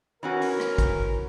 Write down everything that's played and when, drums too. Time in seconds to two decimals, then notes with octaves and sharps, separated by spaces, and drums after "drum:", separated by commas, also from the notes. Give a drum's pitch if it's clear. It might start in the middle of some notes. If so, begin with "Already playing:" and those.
0.23 E3 C#4 F#4 A#4
0.41 drum: open hi-hat
0.60 drum: rim click
0.78 drum: kick, hi-hat